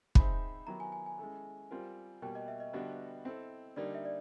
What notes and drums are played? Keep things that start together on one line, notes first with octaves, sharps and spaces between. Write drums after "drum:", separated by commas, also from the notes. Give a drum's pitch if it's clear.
C4 D#4 G#4 C5 E5 B5, drum: kick
D#3 F#3 B3 E4 G4 A#5
G#5
G#5
G#5
G#3 C#4 E4 A4
G3 C4 F4 A#4
B2 G3 A#3 G5
D#5
E5
D#5
D3 G3 B3 D4 F#4
C4 E4 A4
D3 G3 A#3 D#4 D5
E5
D5